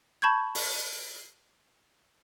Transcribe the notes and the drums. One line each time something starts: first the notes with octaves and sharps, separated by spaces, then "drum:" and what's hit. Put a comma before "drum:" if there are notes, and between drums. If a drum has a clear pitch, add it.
A5 B5 C#6 G6 G#6
drum: open hi-hat